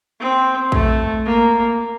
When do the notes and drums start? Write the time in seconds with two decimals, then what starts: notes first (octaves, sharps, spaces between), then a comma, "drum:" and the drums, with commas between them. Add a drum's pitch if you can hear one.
0.20 C4
0.72 A3, drum: kick A#1
1.25 A#3